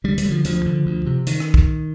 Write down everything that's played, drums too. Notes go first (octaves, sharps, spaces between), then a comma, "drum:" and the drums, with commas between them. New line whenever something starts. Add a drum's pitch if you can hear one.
D2 G3
G3, drum: hi-hat
D3
F3
D2 F3, drum: hi-hat
D3
D2
C3
D#3, drum: hi-hat
drum: rim click
drum: kick